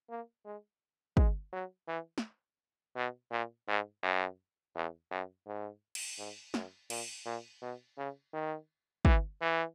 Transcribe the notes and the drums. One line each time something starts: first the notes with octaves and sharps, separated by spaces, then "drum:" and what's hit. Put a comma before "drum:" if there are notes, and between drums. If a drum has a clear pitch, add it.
A#3
G#3
G#3, drum: kick
F#3
E3
drum: snare
B2
A#2
G#2
F#2
E2
F#2
G#2
drum: cymbal
G#2
F#2, drum: snare
A#2, drum: cymbal
A#2
B2
C#3
D#3
E3, drum: kick
E3